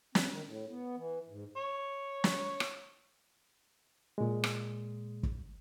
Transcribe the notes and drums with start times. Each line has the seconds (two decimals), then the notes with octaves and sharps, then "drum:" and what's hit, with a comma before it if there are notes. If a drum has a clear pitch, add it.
0.15 C4, drum: snare
0.31 D#3
0.45 A2
0.69 B3
0.96 E3
1.28 G#2
1.56 C#5
2.24 drum: snare
2.60 drum: rim click
4.18 A#2 G#3
4.44 drum: rim click
5.23 drum: kick